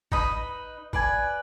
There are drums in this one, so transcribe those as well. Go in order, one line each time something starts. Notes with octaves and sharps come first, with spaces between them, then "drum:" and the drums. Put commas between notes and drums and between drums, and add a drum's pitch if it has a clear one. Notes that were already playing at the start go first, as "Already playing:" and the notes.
D#4 B4 D#5 B5, drum: kick
B4 D5 G#5, drum: kick